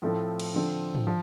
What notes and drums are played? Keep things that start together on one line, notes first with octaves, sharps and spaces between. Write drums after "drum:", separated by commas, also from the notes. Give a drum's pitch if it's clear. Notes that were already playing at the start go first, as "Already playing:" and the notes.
A2 F3 A3 C4 A4
drum: cymbal
D3 F3 C4 A4
drum: tom
F3